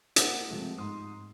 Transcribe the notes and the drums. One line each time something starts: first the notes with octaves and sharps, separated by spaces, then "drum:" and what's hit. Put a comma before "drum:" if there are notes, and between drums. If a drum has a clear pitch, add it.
A#3 F#5, drum: hi-hat
C3 F3 G#3 A3
G#2 C6 D#6